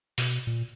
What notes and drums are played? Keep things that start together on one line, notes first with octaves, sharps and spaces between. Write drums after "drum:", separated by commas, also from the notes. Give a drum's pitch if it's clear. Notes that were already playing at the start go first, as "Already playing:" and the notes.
B2, drum: open hi-hat
A#2